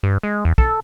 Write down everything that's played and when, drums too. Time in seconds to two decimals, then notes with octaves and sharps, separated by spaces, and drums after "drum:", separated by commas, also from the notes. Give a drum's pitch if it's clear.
0.03 G2
0.23 G#3
0.45 E2
0.58 A4, drum: kick